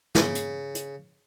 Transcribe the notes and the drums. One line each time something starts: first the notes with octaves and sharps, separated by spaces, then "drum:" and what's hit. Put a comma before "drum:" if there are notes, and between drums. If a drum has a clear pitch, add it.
C#3, drum: snare
drum: hi-hat
drum: hi-hat